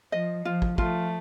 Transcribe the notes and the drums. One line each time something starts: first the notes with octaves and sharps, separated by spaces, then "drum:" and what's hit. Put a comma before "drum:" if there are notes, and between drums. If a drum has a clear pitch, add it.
F3 D#5
F3 F4
drum: kick
F3 A3 F4, drum: kick